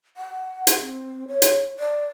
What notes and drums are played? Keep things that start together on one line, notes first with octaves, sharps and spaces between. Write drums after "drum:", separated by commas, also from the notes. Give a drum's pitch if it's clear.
F#5
drum: hi-hat
C4
C#5
drum: hi-hat
D5